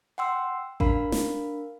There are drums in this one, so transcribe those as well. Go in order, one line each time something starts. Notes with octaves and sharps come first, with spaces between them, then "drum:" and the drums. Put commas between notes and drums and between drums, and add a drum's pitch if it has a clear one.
F#5 G5 C6 E6
D4 A#4 F5 B5, drum: kick A1
drum: snare